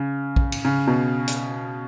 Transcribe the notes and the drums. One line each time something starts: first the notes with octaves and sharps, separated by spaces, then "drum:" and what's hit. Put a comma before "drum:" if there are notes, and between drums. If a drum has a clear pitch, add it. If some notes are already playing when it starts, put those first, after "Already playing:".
Already playing: C#3
drum: kick A#1
drum: cymbal
C#3
B2
drum: hi-hat